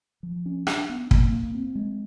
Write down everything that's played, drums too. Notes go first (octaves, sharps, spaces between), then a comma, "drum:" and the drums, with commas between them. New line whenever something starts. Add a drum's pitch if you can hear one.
F3
C#4
D4, drum: rim click
B3
A#3, drum: kick
A#3
C4
G#3